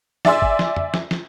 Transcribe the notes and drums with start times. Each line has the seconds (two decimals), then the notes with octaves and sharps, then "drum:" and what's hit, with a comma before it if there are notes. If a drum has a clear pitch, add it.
0.25 D5 E5 G#5 C6 E6, drum: snare
0.42 drum: kick
0.59 drum: snare
0.76 drum: tom
0.94 drum: snare
1.11 drum: snare